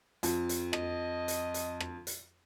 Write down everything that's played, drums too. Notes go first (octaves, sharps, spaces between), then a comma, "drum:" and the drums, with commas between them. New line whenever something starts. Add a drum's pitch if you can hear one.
F2, drum: hi-hat
drum: hi-hat
D#5, drum: rim click
drum: hi-hat
drum: hi-hat
drum: rim click
drum: hi-hat